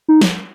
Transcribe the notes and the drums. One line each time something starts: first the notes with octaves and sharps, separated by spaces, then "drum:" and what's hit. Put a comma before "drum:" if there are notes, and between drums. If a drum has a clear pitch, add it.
D#4
drum: snare